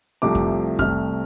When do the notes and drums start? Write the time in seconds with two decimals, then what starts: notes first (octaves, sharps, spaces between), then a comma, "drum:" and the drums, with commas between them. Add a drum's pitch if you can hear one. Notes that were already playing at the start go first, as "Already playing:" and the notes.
0.22 C2 C3 F3 A3 D6
0.35 drum: kick F2
0.79 C2 C3 A3 F6, drum: kick F2